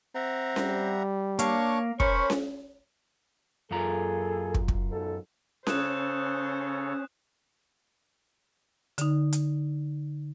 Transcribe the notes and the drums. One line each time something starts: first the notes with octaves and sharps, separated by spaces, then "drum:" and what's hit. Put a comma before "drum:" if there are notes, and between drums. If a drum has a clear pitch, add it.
C4 E5 F#5 A#5
G3, drum: snare C#4
A#3 D4 C#5 F5 C#6 D6, drum: hi-hat
C#4 A#4 C5 C#5 B5 C#6, drum: kick
drum: snare C#4
F#2 A#3 F4 G#4 A4 A#5
drum: kick
drum: kick
B1 G#2 A4
C#3 C#4 A4 C5 C#5 D#6 F#6 E7, drum: snare C#4
D3 D#4, drum: hi-hat
drum: hi-hat